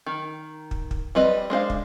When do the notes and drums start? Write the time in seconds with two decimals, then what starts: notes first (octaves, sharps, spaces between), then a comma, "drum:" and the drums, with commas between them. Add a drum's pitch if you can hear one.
0.06 D#3
0.71 drum: kick
0.91 drum: kick
1.15 G3 C4 B4 D#5
1.50 G#3 D4 C5 F5
1.70 drum: kick